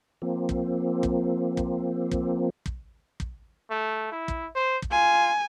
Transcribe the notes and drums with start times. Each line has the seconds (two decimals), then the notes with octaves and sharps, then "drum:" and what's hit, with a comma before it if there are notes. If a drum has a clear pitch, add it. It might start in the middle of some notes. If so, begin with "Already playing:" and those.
0.22 F3 A#3 C4
0.49 drum: kick
1.03 drum: kick
1.57 drum: kick
2.11 drum: kick
2.66 drum: kick
3.20 drum: kick
3.70 A3
4.12 E4
4.28 drum: kick
4.55 C5
4.82 drum: kick
4.92 F4 G#5